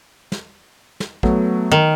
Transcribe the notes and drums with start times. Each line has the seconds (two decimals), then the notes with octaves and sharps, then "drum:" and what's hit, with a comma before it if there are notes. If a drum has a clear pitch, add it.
0.32 drum: snare
1.00 drum: snare
1.23 F#3 A3 B3, drum: kick
1.72 D#3